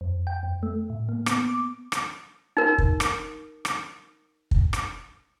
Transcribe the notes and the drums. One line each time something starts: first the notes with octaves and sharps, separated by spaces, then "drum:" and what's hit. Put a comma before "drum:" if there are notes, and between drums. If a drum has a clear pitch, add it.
F2
G5
F2
A3
A2
A#3
B3, drum: rim click
D6
drum: rim click
D#4 A#4
drum: kick
drum: rim click
drum: rim click
drum: kick
drum: rim click